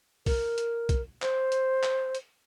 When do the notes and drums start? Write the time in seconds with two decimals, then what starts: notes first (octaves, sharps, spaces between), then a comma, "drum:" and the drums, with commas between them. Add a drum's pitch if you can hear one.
0.26 A#4, drum: kick B1, open hi-hat
0.58 drum: hi-hat
0.89 drum: kick B1, hi-hat
1.22 C5, drum: clap
1.52 drum: hi-hat
1.83 drum: clap
2.15 drum: hi-hat